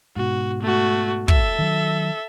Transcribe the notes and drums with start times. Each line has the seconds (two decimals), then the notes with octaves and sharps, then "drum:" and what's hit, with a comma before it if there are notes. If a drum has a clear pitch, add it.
0.16 G#2 B2 F#4
0.62 A3 F#4
1.28 A4 E5, drum: kick
1.59 D#3 F#3